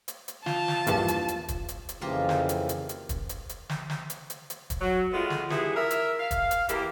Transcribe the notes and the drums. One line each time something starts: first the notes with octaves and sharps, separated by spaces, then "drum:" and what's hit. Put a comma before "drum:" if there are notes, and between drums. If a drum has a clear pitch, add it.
drum: hi-hat
drum: hi-hat
F4 A5, drum: snare
drum: snare
A#1 E2 G2, drum: hi-hat
drum: hi-hat
drum: hi-hat
drum: kick, hi-hat
drum: hi-hat
drum: hi-hat
F2 C#3 E3 F3 A#3 F4 G4
drum: snare
drum: hi-hat
drum: hi-hat
drum: hi-hat
drum: kick, hi-hat
drum: hi-hat
drum: hi-hat
drum: snare
drum: snare
drum: hi-hat
drum: hi-hat
drum: hi-hat
drum: kick, hi-hat
F#3
G#3 A3 B3 F4
drum: snare
G2 B3 E4 G#4, drum: snare
A#4 E5
drum: hi-hat
F5
drum: kick, hi-hat
drum: hi-hat
E2 E3 A#3 E4 G4 A#4, drum: hi-hat